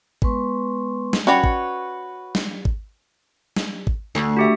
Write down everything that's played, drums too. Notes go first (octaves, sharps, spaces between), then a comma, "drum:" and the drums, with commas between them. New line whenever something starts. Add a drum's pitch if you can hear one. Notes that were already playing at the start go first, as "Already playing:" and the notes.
G#3 B3 B4 C6 C#6, drum: kick G#1
drum: snare
C#4 F#4 B4 C#5 D5 G5
drum: kick G#1
drum: snare
drum: kick G#1
drum: snare
drum: kick G#1
D2
F#4 G4 E5